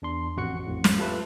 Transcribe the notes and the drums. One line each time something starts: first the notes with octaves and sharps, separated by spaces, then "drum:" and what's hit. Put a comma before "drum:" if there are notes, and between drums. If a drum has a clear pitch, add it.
E2 D4 C6
A1 F2 F#4 F#5 C#6 C#7
A1 F2 A2
drum: snare
F4 G4 A4 B4 E5